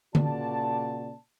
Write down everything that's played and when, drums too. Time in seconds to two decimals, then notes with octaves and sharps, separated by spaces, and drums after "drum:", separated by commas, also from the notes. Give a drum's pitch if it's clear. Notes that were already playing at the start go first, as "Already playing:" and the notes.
0.15 A#2 C#3 F#4 D5 A5, drum: tom D3